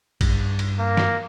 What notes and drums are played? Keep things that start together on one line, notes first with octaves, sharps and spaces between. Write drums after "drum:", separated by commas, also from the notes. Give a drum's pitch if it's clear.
G2, drum: kick, cymbal
drum: cymbal
A#3
drum: snare